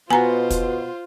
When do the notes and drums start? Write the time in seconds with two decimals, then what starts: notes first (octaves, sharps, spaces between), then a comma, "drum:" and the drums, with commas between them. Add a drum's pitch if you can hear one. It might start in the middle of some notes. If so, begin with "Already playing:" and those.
0.11 B2 B3 F4 F#4 C5 G#5 A#5
0.50 drum: kick, hi-hat